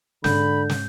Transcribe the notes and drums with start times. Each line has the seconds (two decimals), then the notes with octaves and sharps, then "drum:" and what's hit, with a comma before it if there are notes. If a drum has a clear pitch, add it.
0.24 G#2 D3 G#3 B5 G6, drum: snare
0.70 drum: snare